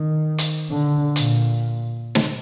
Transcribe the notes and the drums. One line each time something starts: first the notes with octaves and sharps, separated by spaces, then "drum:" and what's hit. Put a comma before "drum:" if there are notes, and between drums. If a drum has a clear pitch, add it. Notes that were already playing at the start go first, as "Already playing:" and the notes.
Already playing: D#3
drum: hi-hat
D3
A#2, drum: hi-hat
drum: snare